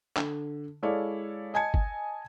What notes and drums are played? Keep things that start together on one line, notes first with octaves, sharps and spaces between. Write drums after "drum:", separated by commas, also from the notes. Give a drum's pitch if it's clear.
D3, drum: clap
G#3 E4 A4 C#5 D5 F5
D#5 G#5 A5 G#6 C#7
drum: kick